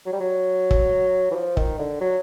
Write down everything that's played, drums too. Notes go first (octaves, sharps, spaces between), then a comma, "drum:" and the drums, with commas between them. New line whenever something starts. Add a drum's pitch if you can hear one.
F#3
G3
F#3
drum: kick
E3
F3
D#3, drum: kick
D3
F#3